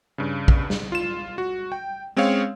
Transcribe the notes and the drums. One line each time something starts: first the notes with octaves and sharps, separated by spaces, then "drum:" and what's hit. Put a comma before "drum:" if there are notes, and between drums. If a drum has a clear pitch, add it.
G2 C#3
drum: kick A#1
drum: snare
F4 E7
F#4
G5
G#3 C4 C#4 G#4 C#5 F5